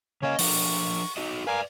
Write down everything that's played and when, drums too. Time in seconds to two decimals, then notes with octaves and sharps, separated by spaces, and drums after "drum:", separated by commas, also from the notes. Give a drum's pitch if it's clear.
0.22 C#3 A#3 C#4 C#5 D#5
0.39 F3 D4 A#4 C#6, drum: open hi-hat
1.17 D#4 F#4 D#5
1.47 A#4 B4 D5 F5 G#5